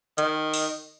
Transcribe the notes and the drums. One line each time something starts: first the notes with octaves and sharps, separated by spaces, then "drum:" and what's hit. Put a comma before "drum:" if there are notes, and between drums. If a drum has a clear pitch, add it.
D#3, drum: hi-hat
drum: open hi-hat